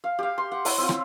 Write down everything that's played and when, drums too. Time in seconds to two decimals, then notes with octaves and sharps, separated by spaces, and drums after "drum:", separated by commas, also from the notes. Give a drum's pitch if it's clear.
0.04 F5
0.19 G4 F5
0.38 C6
0.52 F#5
0.65 E4 C#5 F#5, drum: open hi-hat
0.78 C4 E4 F4
0.89 drum: rim click